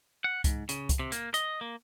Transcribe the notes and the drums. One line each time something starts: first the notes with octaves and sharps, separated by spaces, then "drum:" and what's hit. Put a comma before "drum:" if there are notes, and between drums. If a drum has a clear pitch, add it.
F#5
G#2, drum: kick C2, hi-hat
C#3, drum: hi-hat
drum: kick C2, hi-hat
C3
A#3, drum: hi-hat
D#5, drum: hi-hat
A#3